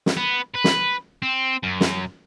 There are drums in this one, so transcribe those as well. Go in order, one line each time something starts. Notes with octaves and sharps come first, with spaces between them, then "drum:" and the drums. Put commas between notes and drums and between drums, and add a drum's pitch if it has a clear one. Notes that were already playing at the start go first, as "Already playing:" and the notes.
drum: snare
B3
B4
drum: snare
C4
F#2
drum: snare